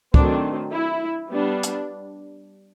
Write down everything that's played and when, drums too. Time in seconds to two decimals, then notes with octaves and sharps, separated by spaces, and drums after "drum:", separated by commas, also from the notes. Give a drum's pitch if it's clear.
0.14 D#3 F#3 A3 C4 D4, drum: kick C#2
0.72 E4
1.29 G3 B3 D4
1.63 drum: hi-hat